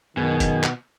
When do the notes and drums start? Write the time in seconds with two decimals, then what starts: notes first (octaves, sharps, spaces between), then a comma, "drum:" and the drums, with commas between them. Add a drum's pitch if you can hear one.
0.17 F#2 B2 D#3 G#4 G#5
0.40 drum: kick, hi-hat
0.64 drum: clap